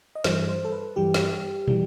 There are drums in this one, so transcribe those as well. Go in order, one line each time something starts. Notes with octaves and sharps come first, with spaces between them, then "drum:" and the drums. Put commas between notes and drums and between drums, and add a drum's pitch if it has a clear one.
D#5
G2 E3 G3 C5, drum: snare
C5
A4
B4
G2 E3 G3 G4
drum: snare
E3 G3, drum: tom